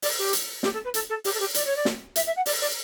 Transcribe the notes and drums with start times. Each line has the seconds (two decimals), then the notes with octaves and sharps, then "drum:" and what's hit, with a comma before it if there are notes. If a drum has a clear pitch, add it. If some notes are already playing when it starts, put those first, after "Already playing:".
0.02 D5, drum: open hi-hat
0.18 G4
0.33 drum: hi-hat
0.63 G4, drum: snare
0.73 A4
0.84 B4
0.94 A4, drum: hi-hat
1.09 A4
1.24 G4, drum: open hi-hat
1.34 A4
1.39 G4
1.54 D5, drum: hi-hat
1.65 C#5
1.76 D5
1.85 drum: snare
2.16 E5, drum: hi-hat
2.26 E5
2.36 F#5
2.46 D5, drum: open hi-hat
2.61 D5